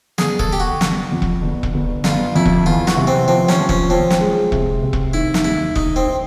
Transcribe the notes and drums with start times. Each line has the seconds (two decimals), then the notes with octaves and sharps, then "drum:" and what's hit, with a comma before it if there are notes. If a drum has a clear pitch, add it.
0.18 G1 G#4, drum: snare
0.39 A4, drum: kick E1
0.50 G1 G4
0.60 F#4
0.81 G1, drum: snare
1.12 F2
1.22 drum: kick E1
1.42 G1
1.63 drum: kick E1
1.74 G1
2.04 G1 F4, drum: snare
2.35 F2 E4
2.46 drum: kick E1
2.66 E2 F4
2.87 F#4, drum: snare
2.97 C3
3.07 C4
3.28 F3 C4
3.49 C#4, drum: snare
3.59 F3
3.69 C#4, drum: kick E1
3.90 F3 C4
4.10 drum: snare
4.21 G#3
4.52 C3, drum: kick E1
4.82 C3
4.93 drum: kick E1
5.13 D#3 E4
5.34 drum: snare
5.44 D#2 E4
5.76 D#3 D#4, drum: kick E1
5.96 C4
6.06 D#3